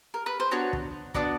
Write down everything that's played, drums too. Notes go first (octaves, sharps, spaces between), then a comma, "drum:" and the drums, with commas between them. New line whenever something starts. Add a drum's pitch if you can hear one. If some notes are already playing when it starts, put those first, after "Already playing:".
A#4
B4
C5
B3 D4 F#4 C#5
drum: kick
B3 D4 F#4 D5, drum: kick